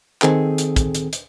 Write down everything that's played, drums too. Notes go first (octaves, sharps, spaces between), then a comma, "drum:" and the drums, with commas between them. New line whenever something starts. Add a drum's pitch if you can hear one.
D#3 C4 G#4 A4, drum: clap
drum: hi-hat
drum: kick, hi-hat
drum: hi-hat
drum: hi-hat